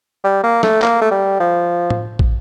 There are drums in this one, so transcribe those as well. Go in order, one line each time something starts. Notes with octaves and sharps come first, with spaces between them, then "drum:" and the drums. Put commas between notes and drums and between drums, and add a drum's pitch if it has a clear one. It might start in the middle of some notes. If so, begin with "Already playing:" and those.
G3
A#3
A3, drum: snare
A#3, drum: clap
A3
G3
F3
drum: tom A2
drum: kick